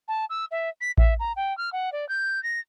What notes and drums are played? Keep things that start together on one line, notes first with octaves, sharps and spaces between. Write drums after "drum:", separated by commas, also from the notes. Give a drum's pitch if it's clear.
A5
E6
E5
B6
E5, drum: kick A1
A#5
G5
F6
F#5
D5
G6
A#6